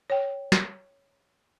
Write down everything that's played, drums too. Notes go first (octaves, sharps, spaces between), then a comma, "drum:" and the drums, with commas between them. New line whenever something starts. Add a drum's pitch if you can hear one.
C#5 G5
drum: snare